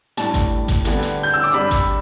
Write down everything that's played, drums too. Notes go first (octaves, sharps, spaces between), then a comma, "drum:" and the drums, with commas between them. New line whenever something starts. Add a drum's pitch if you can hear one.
A2 G3 D4 A5, drum: hi-hat
drum: kick G#1, hi-hat
drum: kick G#1, hi-hat
D3 G3 B3, drum: hi-hat
drum: hi-hat
G6
E6
D6
G2 G3 D4 B5
drum: kick G#1, hi-hat